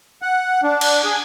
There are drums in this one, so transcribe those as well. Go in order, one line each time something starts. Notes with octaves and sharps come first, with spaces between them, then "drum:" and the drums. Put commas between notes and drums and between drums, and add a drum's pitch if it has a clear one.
F#5
D4
drum: cymbal
G#4